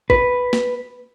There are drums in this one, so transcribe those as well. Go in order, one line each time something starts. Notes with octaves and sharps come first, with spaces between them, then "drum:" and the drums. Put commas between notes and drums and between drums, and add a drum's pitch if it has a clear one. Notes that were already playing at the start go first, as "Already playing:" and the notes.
B4, drum: kick
drum: snare